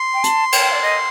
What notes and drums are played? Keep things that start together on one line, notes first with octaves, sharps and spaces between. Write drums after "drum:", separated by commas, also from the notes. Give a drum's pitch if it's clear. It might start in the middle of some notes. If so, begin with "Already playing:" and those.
Already playing: C6
G5
A5, drum: hi-hat
G5, drum: cymbal
D5
D#5